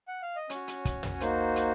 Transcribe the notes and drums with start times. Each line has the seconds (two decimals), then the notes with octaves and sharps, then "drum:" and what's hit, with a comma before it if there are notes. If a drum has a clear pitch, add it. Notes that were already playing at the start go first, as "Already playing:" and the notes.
0.08 F#5
0.22 F5
0.36 D#5
0.50 C#4 F#4 C#5, drum: hi-hat
0.68 drum: hi-hat
0.85 drum: kick, hi-hat
1.03 drum: tom
1.20 A#3 D#4 F#4 C5, drum: hi-hat
1.56 drum: hi-hat